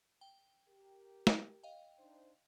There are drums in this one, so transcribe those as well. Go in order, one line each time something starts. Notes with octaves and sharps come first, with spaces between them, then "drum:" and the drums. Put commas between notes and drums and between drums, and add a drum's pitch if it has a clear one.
G5
G4 A#4
drum: snare
D#5 F5 G5
D4 D#4 C5